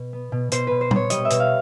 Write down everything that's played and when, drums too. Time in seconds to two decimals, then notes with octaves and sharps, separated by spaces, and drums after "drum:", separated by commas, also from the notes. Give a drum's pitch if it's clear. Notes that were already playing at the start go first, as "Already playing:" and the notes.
Already playing: B2
0.13 B3
0.32 B2
0.52 B2 C5, drum: hi-hat
0.67 B2 B4
0.81 C5
0.91 B3 C#5, drum: tom A#2
1.10 G3 D#5, drum: hi-hat
1.25 E5
1.30 B2, drum: hi-hat
1.40 F5